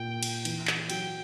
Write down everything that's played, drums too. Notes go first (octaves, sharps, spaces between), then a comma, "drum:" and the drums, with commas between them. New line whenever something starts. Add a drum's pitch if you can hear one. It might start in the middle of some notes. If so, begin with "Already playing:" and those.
Already playing: A#2 G5
drum: cymbal
E3, drum: cymbal
drum: clap
F#3 G5, drum: cymbal